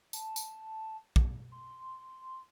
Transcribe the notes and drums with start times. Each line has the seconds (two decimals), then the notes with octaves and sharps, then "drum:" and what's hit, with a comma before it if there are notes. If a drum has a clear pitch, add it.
0.13 A5, drum: tambourine
0.36 drum: tambourine
1.16 drum: kick
1.52 C6